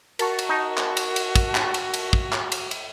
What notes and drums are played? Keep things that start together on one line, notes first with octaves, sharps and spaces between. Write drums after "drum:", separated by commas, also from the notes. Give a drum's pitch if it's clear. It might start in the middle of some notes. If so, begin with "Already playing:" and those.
F#4 A#4 A5 C#6, drum: cymbal
drum: cymbal
D#4
drum: clap
drum: cymbal
drum: cymbal
drum: kick, cymbal
drum: clap
drum: cymbal
drum: cymbal
drum: kick
drum: clap
drum: cymbal
drum: cymbal